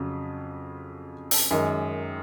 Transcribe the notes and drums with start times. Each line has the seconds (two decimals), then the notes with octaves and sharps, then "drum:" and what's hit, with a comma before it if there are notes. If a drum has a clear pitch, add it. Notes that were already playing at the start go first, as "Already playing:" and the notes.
Already playing: F2 C#3 F#3
1.31 drum: open hi-hat
1.51 F#2 D#3 G#3